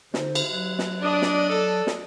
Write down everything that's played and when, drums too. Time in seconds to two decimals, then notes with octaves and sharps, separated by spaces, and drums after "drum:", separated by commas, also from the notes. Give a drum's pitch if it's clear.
0.14 D3 D#4 C5, drum: snare
0.35 drum: cymbal
0.51 F#3 F#6
0.79 drum: snare
1.02 D4 D5 D#5
1.22 drum: snare
1.50 A4
1.87 drum: snare